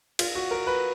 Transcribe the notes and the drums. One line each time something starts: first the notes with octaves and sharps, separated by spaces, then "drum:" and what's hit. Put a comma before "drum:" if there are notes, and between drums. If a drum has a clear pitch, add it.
F4, drum: cymbal
F#4
A#4
B4